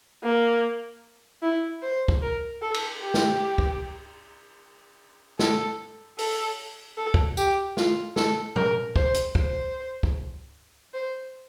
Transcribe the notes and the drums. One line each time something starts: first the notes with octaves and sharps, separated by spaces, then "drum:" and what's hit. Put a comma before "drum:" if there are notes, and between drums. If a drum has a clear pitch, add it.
A#3
E4
C5
drum: kick
A#4
A4
drum: cymbal
G4
drum: snare
drum: kick
A4, drum: snare
A4, drum: open hi-hat
A4
drum: kick
G4, drum: tambourine
F4, drum: snare
A4, drum: snare
A#4, drum: tom A#2
C5, drum: kick
drum: hi-hat
C5, drum: kick
drum: kick
C5